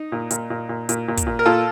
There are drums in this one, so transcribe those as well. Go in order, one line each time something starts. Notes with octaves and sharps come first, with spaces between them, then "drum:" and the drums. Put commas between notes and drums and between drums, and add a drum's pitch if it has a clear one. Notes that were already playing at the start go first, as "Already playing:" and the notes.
Already playing: D#4
A#2
A#2, drum: hi-hat
A#2
A#2
A#2, drum: hi-hat
A#2
drum: kick, hi-hat
A#2
A#4
A#2 F4 A4